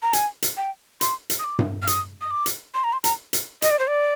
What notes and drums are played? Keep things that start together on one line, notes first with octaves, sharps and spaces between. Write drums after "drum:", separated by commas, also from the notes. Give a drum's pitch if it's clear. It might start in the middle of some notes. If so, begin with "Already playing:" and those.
A#5
G#5, drum: hi-hat
drum: hi-hat
G5
C6, drum: hi-hat
drum: hi-hat
D#6
D6
drum: tom G2
F6
D#6, drum: hi-hat
D#6
D6
drum: hi-hat
C6
A#5
C6
A#5, drum: hi-hat
drum: hi-hat
D#5, drum: hi-hat
D5
C5
D5